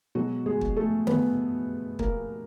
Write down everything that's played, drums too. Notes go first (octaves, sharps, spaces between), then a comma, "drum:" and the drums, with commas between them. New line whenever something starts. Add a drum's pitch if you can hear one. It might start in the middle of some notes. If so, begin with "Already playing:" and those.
B2 F#3 G#3 F#4
G#3 G#4
drum: kick
A3 A4
B3 B4, drum: tom D3
A#3 A#4, drum: kick